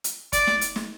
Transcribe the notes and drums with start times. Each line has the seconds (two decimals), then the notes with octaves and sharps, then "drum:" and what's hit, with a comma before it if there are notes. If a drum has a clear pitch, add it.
0.04 drum: hi-hat
0.33 D5, drum: kick, hi-hat
0.47 drum: snare
0.61 drum: hi-hat
0.76 drum: snare